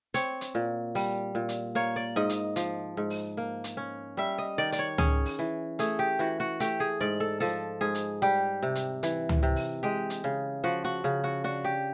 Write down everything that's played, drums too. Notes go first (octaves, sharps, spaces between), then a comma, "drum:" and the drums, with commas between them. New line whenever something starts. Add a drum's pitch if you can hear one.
C4 C#5, drum: hi-hat
drum: hi-hat
A#2
G3, drum: open hi-hat
A#2
drum: hi-hat
A#3 C#5
D5
G#2 D#5
drum: hi-hat
F3, drum: hi-hat
G#2
drum: open hi-hat
A#3
drum: hi-hat
C#4
G3 E5
D#5
D#3 D5
D5, drum: hi-hat
C#5
C#4 G#4, drum: tom C#2
drum: open hi-hat
E3
A3 G#4, drum: hi-hat
G4
E3 F#4
F#4
A3 G4, drum: hi-hat
G#4
G#2 D5
A4
F3 A4, drum: open hi-hat
G#2 G#4
drum: hi-hat
G3 G4
C3
drum: hi-hat
E3, drum: hi-hat
drum: tom C#2
C3
drum: open hi-hat
G#3 G4
drum: hi-hat
C#3
F3 F#4
F#4
C#3
F#4
D4 F#4
G4